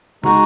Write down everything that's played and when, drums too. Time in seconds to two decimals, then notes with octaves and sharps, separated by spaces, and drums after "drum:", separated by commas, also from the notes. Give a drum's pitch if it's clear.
0.24 G#3 D#4 F#4, drum: tom